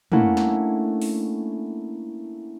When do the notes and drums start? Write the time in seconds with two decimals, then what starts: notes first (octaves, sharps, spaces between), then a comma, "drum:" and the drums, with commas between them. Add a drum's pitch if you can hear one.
0.12 A3 A#3 C#4 D4 E4 F#5, drum: tom
0.37 drum: snare
1.02 drum: open hi-hat